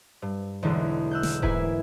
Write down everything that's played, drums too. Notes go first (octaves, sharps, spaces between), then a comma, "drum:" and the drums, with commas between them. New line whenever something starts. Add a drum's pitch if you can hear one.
G2
B1 E2 D3 E3 G#3 A3
E6 F#6 G6
drum: snare
G#2 A#3 E4 B4 E5 G#5, drum: kick D#1